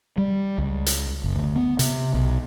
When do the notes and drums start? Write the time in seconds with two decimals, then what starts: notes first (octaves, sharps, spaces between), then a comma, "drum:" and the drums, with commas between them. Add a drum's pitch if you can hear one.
0.18 G3
0.58 C#2
0.86 drum: hi-hat
1.24 F#1
1.36 D2
1.56 B3
1.79 C3, drum: hi-hat
2.14 B1